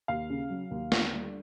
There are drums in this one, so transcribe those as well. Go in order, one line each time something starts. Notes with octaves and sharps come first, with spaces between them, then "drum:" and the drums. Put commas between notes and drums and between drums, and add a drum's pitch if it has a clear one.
D#2 F5
C#3
F#3
D#2
D3, drum: snare
G3